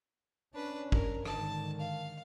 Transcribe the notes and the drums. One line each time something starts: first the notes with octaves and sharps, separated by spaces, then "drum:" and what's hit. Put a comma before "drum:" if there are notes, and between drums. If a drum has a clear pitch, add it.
C#4 D4 B4
A#4, drum: kick
G#2 D3 D#3 A5, drum: rim click
F5